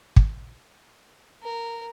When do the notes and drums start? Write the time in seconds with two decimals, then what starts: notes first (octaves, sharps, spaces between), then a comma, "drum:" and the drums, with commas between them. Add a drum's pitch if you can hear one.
0.16 drum: kick
1.43 A#4